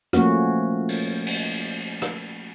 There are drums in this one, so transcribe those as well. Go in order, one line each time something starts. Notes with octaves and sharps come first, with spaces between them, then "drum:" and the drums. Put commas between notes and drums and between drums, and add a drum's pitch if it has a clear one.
F3 A3 A#3 C#4 F#4, drum: rim click
drum: cymbal
drum: cymbal
drum: rim click